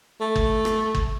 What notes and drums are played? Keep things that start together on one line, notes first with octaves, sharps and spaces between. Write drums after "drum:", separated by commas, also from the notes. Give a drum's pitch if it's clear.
A3
drum: kick
drum: rim click
drum: kick